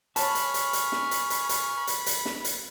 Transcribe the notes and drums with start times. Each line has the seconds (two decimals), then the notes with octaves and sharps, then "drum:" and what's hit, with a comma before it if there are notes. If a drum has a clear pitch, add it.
0.16 C#5 G#5 A5 B5 C#6 F6, drum: hi-hat
0.35 drum: hi-hat
0.54 drum: hi-hat
0.73 drum: hi-hat
0.92 drum: snare
1.11 drum: hi-hat
1.30 drum: hi-hat
1.49 drum: hi-hat
1.77 B5
1.87 drum: hi-hat
2.06 drum: hi-hat
2.25 drum: snare
2.45 drum: hi-hat